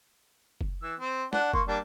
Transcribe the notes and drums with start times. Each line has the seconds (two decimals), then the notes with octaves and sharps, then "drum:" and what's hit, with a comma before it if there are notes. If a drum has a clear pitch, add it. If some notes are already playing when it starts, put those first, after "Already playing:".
0.61 drum: kick F#1
0.82 E3 E6
1.00 C4
1.33 D4 F#5, drum: snare
1.53 A#3 C6 C#6, drum: kick F#1
1.67 G3 A#3 D4